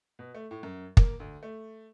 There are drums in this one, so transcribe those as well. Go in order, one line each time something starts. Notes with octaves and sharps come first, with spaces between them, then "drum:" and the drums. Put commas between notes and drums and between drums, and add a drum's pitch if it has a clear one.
B2
A3
A2
F#2
A#3, drum: kick
D2
A3